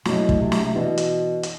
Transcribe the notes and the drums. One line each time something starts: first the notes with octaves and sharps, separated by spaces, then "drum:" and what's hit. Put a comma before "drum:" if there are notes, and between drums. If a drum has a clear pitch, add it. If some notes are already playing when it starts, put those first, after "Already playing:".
B2 F#3 A3 E4, drum: snare
drum: kick
C3
drum: snare
C3
B2 E3 B3 D4 F#4
drum: hi-hat
drum: hi-hat